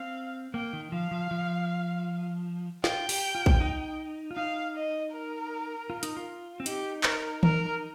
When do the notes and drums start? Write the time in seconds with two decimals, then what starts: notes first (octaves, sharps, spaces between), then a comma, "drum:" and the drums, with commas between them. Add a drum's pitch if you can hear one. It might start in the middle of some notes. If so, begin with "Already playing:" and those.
Already playing: C4 F5
0.54 A#3 G5
0.73 D#3
0.92 F3 F5
1.11 F3
1.31 F3
2.84 F4 G5, drum: snare
3.09 G4, drum: open hi-hat
3.35 F4
3.46 drum: kick
3.60 D#4
4.31 F4
4.36 D#4 F5
4.75 D#5
5.12 A#4
5.90 F4
6.03 D#4, drum: hi-hat
6.17 F4
6.60 C4
6.66 D#4 G4, drum: hi-hat
7.03 A#4, drum: clap
7.43 A#4, drum: tom